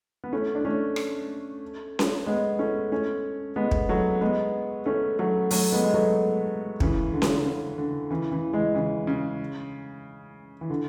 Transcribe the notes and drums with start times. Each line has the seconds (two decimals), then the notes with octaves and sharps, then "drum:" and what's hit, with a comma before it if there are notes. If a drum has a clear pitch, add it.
0.24 B3
0.33 A3 C#4
0.55 D4
0.65 A3 C#4
0.96 drum: rim click
1.99 drum: snare C#4
2.26 G#3 B3
2.59 A3 C#4
2.92 A3 C#4
3.56 G#3 B3
3.71 drum: kick
3.89 F#3 A3
4.21 G#3 B3
4.86 A3 C#4
5.19 F#3 A3
5.50 F#3 A3, drum: open hi-hat
5.72 G#3 B3
5.84 G#3
5.94 F#3 A3
6.80 C#3 E3, drum: kick
7.13 D3
7.22 C#3, drum: snare C#4
7.31 D3
7.45 C#3
7.78 D3
8.10 C#3 E3
8.31 C#3 E3
8.53 E3 G#3
8.75 C#3 E3
9.07 C#3
10.61 E3
10.70 D3